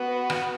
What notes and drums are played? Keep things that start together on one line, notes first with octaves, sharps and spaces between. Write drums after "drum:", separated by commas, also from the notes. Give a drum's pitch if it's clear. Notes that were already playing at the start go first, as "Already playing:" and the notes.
Already playing: B3 F#4
drum: rim click